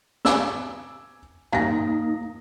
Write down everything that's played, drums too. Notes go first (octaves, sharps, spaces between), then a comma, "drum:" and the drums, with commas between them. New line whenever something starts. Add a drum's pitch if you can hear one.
G#5 D6 E6, drum: snare
A#3 D#4 F5 A#6, drum: tom